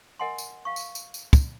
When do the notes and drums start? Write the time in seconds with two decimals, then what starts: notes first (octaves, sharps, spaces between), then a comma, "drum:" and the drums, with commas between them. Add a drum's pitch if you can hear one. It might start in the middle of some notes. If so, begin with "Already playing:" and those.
0.19 A#4 D#5 F#5 G#5 C6
0.38 drum: tambourine
0.65 F5 C#6
0.76 drum: tambourine
0.95 drum: tambourine
1.14 drum: tambourine
1.33 drum: kick, tambourine